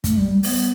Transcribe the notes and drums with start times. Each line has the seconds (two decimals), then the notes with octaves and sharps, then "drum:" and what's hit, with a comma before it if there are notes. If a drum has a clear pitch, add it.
0.04 A3, drum: kick, hi-hat
0.17 G3
0.43 B3, drum: open hi-hat